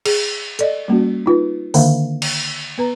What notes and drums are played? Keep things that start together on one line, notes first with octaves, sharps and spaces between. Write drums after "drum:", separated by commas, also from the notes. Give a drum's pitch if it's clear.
G#4, drum: cymbal
A4 D5 D#5, drum: hi-hat
G3 A#3 C#4 F#4
D#4 F4 B4
D3 D#3 A#3 D4 E5 F5, drum: open hi-hat
drum: cymbal
B3 B4 A#5